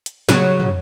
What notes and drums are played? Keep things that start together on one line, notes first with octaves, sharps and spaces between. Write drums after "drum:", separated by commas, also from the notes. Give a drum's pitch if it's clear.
drum: hi-hat
C#3 F#3, drum: snare
drum: tom